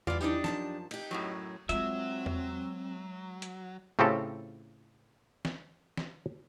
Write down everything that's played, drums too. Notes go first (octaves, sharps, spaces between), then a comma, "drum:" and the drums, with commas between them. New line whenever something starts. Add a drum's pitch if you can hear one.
E3 E4 F4 D5, drum: tom E2
D4 D#4 G4, drum: tambourine
F#2 F3 A5, drum: snare
D#4 G4, drum: cymbal
F#2 A2 F#3
F#3 G#3 C4 F4 E5, drum: hi-hat
drum: tom E2
drum: hi-hat
A2 C#3 C4 F4 G4 A4
drum: snare
drum: snare